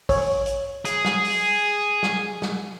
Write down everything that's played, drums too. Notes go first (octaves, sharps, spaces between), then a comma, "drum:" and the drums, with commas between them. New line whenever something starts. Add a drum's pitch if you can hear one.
C#5, drum: kick, open hi-hat
drum: hi-hat
G#4, drum: hi-hat
drum: snare
drum: open hi-hat
drum: snare
drum: snare